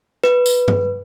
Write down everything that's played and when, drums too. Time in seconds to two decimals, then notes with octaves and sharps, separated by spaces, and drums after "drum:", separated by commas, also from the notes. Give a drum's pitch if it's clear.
0.24 B4, drum: rim click
0.46 drum: tambourine
0.68 drum: tom G2